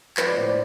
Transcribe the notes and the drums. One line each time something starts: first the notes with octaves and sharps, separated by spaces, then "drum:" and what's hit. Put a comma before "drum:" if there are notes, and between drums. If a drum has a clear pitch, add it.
F3 B4, drum: clap
D5
A2 C5
D5